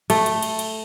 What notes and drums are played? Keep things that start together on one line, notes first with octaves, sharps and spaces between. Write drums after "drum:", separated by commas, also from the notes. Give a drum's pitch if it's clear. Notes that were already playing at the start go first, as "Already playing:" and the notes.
A3, drum: cymbal
drum: cymbal
drum: cymbal
drum: cymbal